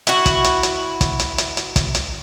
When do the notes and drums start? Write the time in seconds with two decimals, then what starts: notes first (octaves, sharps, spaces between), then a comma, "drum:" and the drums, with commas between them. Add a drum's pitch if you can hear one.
0.07 E4 F#4, drum: hi-hat
0.26 drum: kick, hi-hat
0.44 drum: hi-hat
0.63 drum: hi-hat
1.01 drum: kick, hi-hat
1.19 drum: hi-hat
1.38 drum: hi-hat
1.57 drum: hi-hat
1.76 drum: kick, hi-hat
1.95 drum: hi-hat